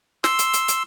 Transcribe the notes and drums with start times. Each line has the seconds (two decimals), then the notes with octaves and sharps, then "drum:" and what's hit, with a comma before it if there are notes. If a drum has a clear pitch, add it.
0.24 C6 E6, drum: snare
0.39 drum: hi-hat
0.53 drum: hi-hat
0.68 drum: hi-hat